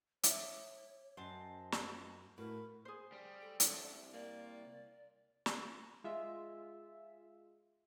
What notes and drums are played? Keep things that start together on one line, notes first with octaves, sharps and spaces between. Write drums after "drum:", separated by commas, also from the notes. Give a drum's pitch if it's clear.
C#5 E5 D6 D#6, drum: hi-hat
F#2 C5 D#5 A5
drum: snare
A2 F#4 A#4 B4
G#4 C5
G3
A4
C2 D4, drum: hi-hat
A#3 D5
drum: snare
G#3 F4 E5